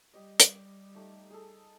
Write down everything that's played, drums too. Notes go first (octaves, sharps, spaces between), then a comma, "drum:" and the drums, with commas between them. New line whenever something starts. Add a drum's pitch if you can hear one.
G3 G4 D#5
drum: hi-hat
A3 D#4 G4
G#4 A4